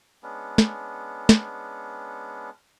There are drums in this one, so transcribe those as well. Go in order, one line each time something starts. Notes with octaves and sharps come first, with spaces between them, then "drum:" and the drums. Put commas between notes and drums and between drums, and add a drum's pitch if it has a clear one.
G#3 B3 C#4 D4
drum: snare
drum: snare